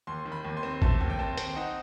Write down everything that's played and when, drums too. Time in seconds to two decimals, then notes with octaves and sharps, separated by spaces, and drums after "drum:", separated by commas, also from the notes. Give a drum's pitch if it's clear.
0.07 D#2 C6
0.25 D#3
0.32 B5
0.45 D#2
0.57 C6
0.63 C4
0.82 A3 A5, drum: kick A1
1.01 D#2
1.10 G5
1.19 C4 A5
1.37 C4 G5, drum: hi-hat
1.56 D#4 F#5